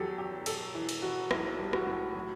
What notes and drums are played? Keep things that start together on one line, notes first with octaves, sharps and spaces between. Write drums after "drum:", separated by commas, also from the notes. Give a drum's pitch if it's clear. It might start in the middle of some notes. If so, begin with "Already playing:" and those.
Already playing: E2 F#3 G4 A4
F#3 G4
E1 A4, drum: cymbal
E3
drum: cymbal
E1 F#4
B1 E4, drum: rim click
G3
F#4, drum: rim click
A2
F#3